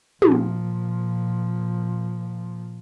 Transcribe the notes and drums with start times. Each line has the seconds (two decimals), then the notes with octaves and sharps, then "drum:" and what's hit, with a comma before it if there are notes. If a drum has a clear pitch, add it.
0.22 A#2 F3, drum: tom